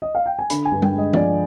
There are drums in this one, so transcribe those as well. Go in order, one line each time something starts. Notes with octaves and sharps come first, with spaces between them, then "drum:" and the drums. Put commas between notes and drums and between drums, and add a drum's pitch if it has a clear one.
D#5
F5
G5
G#5
D3 B5, drum: hi-hat
G#5
G2
G5, drum: tom G3
G#3 D#5
F3 D5, drum: tom D#3